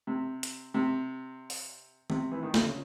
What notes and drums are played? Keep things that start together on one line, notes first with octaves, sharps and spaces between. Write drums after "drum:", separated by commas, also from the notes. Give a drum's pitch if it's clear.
C3
drum: hi-hat
C3
drum: open hi-hat
C3, drum: tom D#3
E3
D#3
D3, drum: snare
C#3